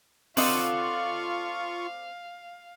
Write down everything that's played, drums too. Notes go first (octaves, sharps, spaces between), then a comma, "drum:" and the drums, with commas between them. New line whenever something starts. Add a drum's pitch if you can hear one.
C4 F4 A4 D5 D#5 F5 F#5 C#6, drum: open hi-hat